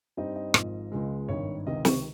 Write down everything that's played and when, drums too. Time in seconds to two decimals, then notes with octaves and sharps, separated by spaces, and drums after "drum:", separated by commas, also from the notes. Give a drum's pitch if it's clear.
0.17 G2 G3 C4 D#4 D#5
0.36 D#5
0.54 G#1 G#2 F3, drum: rim click
0.92 C#2 C#3 F3 G#3
1.29 G#1 G2 D#3 C#5
1.66 C#2 C3 D#3 D#5
1.85 C#6, drum: snare